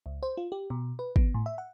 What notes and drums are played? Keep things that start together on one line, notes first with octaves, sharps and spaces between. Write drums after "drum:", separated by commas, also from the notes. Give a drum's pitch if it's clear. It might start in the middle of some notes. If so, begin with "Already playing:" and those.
C#2
C5
F4
G4
B2
B4
B3, drum: kick
A2
E5
F#5